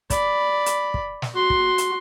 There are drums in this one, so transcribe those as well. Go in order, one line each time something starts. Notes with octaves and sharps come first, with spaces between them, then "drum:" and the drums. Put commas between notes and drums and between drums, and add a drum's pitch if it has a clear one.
D5 B5, drum: kick, hi-hat
drum: hi-hat
drum: kick
drum: snare
F#4 C6
drum: kick
drum: hi-hat